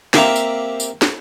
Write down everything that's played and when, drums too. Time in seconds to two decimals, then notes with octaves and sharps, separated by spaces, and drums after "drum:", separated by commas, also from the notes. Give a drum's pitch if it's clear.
0.14 A#3 C4 G4 E5 F5 A#5, drum: snare
0.36 drum: tambourine
0.80 drum: tambourine
1.02 drum: snare